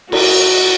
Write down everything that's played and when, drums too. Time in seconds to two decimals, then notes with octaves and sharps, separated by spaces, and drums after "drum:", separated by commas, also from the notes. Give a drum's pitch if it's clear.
0.12 F#4, drum: cymbal